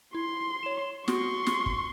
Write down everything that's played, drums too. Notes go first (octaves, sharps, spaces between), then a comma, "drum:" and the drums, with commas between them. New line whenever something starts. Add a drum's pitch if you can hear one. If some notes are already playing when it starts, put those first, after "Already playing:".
E4 C6
C#5 E7
B3 F#4 C6 C#6, drum: snare
drum: snare
drum: kick